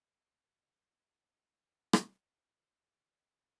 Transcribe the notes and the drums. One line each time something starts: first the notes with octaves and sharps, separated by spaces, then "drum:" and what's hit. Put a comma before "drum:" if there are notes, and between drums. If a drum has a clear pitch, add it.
G#3 C4 G#4
drum: rim click
A2 C#3 A#4 A6